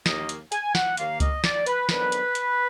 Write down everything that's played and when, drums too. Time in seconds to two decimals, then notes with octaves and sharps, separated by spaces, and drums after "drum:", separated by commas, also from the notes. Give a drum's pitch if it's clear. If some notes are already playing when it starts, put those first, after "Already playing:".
0.06 D#2 D#3 A#3 D#5, drum: snare
0.29 drum: hi-hat
0.52 G#5, drum: hi-hat
0.75 F#5, drum: snare
0.97 D#2 D#3 A#3 F5, drum: hi-hat
1.20 D#5, drum: kick C#2, hi-hat
1.44 D5, drum: snare
1.66 B4, drum: hi-hat
1.89 F2 D#3 F#3 B3 D4 B4, drum: snare
2.12 drum: hi-hat
2.35 drum: hi-hat